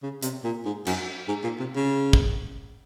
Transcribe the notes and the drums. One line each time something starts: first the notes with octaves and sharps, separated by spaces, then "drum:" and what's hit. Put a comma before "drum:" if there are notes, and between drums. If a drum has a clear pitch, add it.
C#3
C3, drum: hi-hat
A#2
G#2
F#2, drum: cymbal
G#2
A#2
C3
C#3
drum: kick